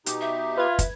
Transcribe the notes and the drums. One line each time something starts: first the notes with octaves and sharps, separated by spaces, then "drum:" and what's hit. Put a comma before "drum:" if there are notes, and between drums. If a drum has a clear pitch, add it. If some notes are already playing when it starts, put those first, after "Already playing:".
B2 D#4 G4, drum: hi-hat
E5
F4 B4 G#6
drum: kick, hi-hat